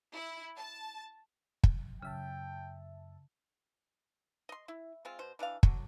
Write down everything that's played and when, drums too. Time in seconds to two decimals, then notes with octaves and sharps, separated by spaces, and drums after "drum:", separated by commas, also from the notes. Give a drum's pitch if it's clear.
0.13 E4
0.57 A5
1.64 drum: kick
2.02 F#2 C#3 E5 G5 A5
4.49 D#5 C6
4.68 E4
5.05 G#3 C4 F4
5.19 B2 C5
5.39 E3 D4 D5 F5
5.63 D3 F#3, drum: kick